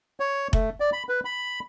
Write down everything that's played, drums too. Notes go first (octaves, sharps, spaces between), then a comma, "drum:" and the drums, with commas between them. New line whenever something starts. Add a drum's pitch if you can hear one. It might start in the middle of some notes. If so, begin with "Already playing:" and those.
C#5
A3, drum: kick F1
D5
B5
B4
B5